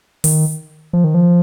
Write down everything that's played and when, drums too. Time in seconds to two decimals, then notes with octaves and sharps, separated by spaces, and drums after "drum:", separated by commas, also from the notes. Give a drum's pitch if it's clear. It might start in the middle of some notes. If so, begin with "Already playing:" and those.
0.24 D#3, drum: open hi-hat
0.93 F3
1.04 D#3
1.14 F3